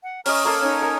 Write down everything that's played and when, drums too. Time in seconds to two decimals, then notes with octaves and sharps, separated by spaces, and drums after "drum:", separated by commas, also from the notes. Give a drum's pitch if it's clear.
0.04 F#5
0.26 C#4 D#5 A#5 C#6 F6, drum: open hi-hat
0.45 A#3 A4 C#5 F5
0.62 C#4 D#4 C#5
0.82 A#4 G#5